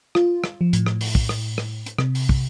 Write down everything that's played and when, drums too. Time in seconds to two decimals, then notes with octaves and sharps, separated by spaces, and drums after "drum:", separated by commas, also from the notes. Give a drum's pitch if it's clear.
0.15 F4, drum: rim click
0.44 drum: rim click
0.61 F3
0.73 A2, drum: hi-hat
0.86 drum: rim click
1.01 drum: open hi-hat
1.15 drum: kick
1.29 drum: rim click
1.58 drum: rim click
1.86 drum: hi-hat
1.99 C3, drum: rim click
2.15 drum: open hi-hat
2.29 drum: kick